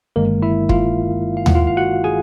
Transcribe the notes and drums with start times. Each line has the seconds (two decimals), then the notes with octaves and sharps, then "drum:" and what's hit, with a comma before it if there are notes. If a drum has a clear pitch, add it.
0.16 G1 G2 D#3 G#3 A#3 A#4
0.42 E4 E5
0.69 F4 F5, drum: kick
1.37 F5
1.46 F#5, drum: tom D#2
1.55 F4 F5
1.67 F5
1.77 F#4 F#5
2.04 G#4 G#5